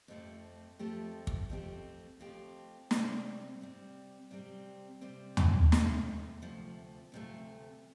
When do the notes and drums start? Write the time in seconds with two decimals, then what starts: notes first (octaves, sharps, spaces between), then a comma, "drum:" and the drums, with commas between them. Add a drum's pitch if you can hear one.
0.08 F2 F3 A3 C4 G4
0.79 F2 F3 A3 C4 G4
1.27 drum: kick
1.50 F2 F3 A3 C4 G4
2.20 F2 F3 A3 C4 G4
2.91 C3 G3 C4, drum: snare
3.61 C3 G3 C4
4.31 C3 G3 C4
5.01 C3 G3 C4
5.37 drum: tom
5.72 D2 C3 F3 A3, drum: snare
6.42 D2 C3 F3 A3
7.12 D2 C3 F3 A3